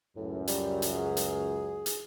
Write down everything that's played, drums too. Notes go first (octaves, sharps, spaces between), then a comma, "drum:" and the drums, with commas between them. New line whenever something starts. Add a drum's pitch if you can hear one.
C#2 F#2 A2
G3, drum: hi-hat
drum: hi-hat
G#4
drum: hi-hat
drum: hi-hat